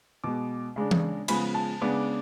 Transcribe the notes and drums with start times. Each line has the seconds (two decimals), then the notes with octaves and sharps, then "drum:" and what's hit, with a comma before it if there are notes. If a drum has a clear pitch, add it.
0.24 B2 G#3 B3 D6
0.76 C#3 G#3 D4
0.91 drum: tom E3
1.28 C#3 F3 G#3 B3 B5, drum: cymbal
1.55 A5
1.81 C#3 G#3 B3 D4 D6